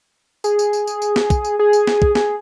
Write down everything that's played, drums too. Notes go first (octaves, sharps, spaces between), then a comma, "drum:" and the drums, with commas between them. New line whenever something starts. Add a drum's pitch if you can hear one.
G#4, drum: tambourine
drum: tambourine
drum: tambourine
drum: tambourine
drum: tambourine
drum: snare
drum: kick, tambourine
drum: tambourine
G#4
drum: tambourine
drum: snare
drum: kick
G#4, drum: snare